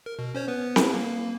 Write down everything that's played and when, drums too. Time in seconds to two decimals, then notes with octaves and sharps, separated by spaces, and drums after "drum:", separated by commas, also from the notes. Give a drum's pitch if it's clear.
0.06 A#4
0.19 B2
0.35 C#4 C5 C#5
0.48 B3 B4
0.76 drum: snare C4
0.93 A#3